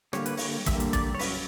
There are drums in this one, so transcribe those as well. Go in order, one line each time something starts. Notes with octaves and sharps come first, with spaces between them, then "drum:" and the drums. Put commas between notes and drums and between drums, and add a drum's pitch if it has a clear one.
D3 G3 A#3 C#5, drum: rim click
B4, drum: hi-hat
C#5, drum: open hi-hat
D3 G3 A#3 E5, drum: kick, hi-hat
drum: hi-hat
D5, drum: kick, hi-hat
C#5
F#3 C#4 B4, drum: open hi-hat